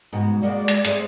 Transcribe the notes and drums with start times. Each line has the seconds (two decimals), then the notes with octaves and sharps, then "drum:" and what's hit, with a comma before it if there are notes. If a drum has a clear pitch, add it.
0.13 G#2 B2 F#4
0.43 G#3 A#3 F#4 D5
0.68 drum: hi-hat
0.85 G#3 A3 C4, drum: hi-hat